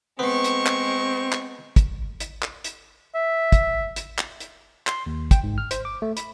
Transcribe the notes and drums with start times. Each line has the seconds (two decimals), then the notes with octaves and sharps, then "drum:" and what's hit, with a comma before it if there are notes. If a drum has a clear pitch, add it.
0.19 G#3 B3 C4 C#6
0.44 drum: hi-hat
0.66 drum: clap
1.32 drum: clap
1.76 drum: kick, hi-hat
2.20 drum: hi-hat
2.42 drum: clap
2.64 drum: hi-hat
3.15 E5
3.52 drum: kick, hi-hat
3.96 drum: hi-hat
4.18 drum: clap
4.40 drum: hi-hat
4.87 C6, drum: clap
5.06 D#2
5.31 G5, drum: kick, hi-hat
5.44 G#2
5.58 F6
5.71 C5, drum: hi-hat
5.85 D6
6.02 A3
6.17 B5, drum: hi-hat